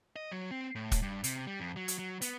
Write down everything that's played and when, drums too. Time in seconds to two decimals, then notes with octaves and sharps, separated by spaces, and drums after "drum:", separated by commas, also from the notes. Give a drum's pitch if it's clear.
0.16 D#5
0.32 F#3
0.51 C4
0.75 A2
0.92 drum: kick, hi-hat
1.02 G2
1.24 C3, drum: hi-hat
1.47 G3
1.60 F2
1.76 F#3
1.88 drum: hi-hat
1.99 F#3
2.22 B3, drum: hi-hat